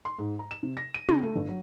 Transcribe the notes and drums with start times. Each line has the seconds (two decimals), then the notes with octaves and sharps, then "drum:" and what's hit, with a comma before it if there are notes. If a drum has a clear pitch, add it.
0.05 C6
0.19 G#2
0.39 A#5
0.51 E7
0.63 C3
0.77 A#6
0.94 D#7
1.09 C#3, drum: tom
1.22 A3
1.36 G1
1.49 F#3